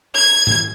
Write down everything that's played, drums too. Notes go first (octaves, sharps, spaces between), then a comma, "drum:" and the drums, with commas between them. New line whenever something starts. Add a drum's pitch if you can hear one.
G#6
drum: tom G#2